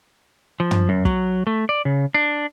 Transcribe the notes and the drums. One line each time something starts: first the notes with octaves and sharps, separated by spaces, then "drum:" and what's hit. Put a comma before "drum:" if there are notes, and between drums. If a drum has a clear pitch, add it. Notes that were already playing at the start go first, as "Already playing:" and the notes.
F3
drum: tom
F#2
F#3, drum: kick
A3
D5
C#3
D4